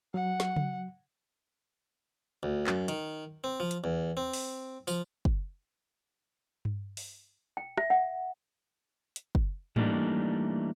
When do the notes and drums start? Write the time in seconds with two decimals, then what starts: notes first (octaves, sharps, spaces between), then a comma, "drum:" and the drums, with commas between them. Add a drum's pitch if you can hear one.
0.14 F#3 F#5
0.40 drum: snare
0.56 drum: tom C#3
2.43 D2
2.67 F#2, drum: clap
2.88 D#3, drum: hi-hat
3.44 C4
3.60 F3
3.71 drum: hi-hat
3.84 E2
4.17 C4
4.33 drum: open hi-hat
4.87 F3, drum: tambourine
5.25 drum: kick
6.65 drum: tom G2
6.97 drum: open hi-hat
7.57 G5
7.78 E5, drum: rim click
7.90 F#5
9.16 drum: hi-hat
9.35 drum: kick
9.76 E3 G3 A3 A#3 D4 D#4, drum: tom G#2